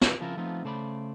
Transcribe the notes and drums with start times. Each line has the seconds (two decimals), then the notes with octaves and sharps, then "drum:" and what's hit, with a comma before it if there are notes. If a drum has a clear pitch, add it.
0.01 C4 E4 D5, drum: snare
0.20 C#3 F3 C4 E4 F4 A#4
0.37 F3 A3 B3 C4 D#4 F4
0.64 C#3 A3 C5 D5 F5 B5